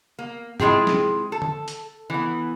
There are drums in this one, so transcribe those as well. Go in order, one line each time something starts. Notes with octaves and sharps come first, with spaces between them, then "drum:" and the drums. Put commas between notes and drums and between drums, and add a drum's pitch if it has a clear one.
A#3
C3 G#3 E4 F4 G#4 G5, drum: tom
drum: snare
A4
drum: tom D3
drum: hi-hat
E3 B3